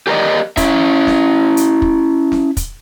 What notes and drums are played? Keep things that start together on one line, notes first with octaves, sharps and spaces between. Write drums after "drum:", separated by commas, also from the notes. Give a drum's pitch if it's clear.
G4 G#4 A#4 C5 D5 D#5
C#4 E4 E5, drum: kick, hi-hat
drum: snare
drum: hi-hat
drum: kick
drum: snare
drum: kick, hi-hat